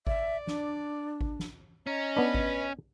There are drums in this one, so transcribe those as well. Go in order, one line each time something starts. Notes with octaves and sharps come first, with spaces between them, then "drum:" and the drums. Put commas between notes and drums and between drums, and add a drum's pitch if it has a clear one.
D5 E5, drum: kick G#1
D4, drum: snare
drum: kick G#1
drum: snare
C#4 D#5 A#5
B3 D4 B4
drum: kick G#1